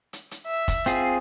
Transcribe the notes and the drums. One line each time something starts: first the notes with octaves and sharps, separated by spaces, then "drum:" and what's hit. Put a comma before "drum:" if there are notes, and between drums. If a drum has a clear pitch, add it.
drum: hi-hat
drum: hi-hat
E5
drum: kick, hi-hat
C4 F4 G#4, drum: hi-hat